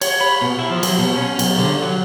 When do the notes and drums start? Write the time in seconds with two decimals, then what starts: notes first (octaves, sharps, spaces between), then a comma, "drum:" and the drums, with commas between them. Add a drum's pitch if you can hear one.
0.01 C#5, drum: cymbal
0.21 B5
0.41 B2
0.59 E4
0.70 F3
0.83 F#3, drum: cymbal
0.98 B2
1.17 C#4
1.39 B1, drum: cymbal
1.58 D3
1.82 F#3